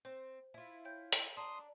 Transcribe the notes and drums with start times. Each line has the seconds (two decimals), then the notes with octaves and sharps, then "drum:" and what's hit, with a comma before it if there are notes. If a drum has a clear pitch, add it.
0.05 C4 C5
0.54 E4 F4
0.85 C#5 G5 G6
1.12 drum: hi-hat
1.37 D4 A5 A#5 C6 D#6